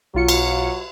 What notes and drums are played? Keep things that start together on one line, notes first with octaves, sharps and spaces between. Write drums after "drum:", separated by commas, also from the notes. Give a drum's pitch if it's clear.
B1 F#3 F4 C#7
drum: cymbal